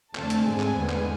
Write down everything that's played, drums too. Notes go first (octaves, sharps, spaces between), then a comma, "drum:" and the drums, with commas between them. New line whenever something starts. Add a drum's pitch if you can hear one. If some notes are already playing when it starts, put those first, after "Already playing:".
F2 D3 A3 C4 A5, drum: clap
drum: hi-hat
G#2 G#3 C4 G#5
drum: clap
E2 D3 G#3 B3
drum: clap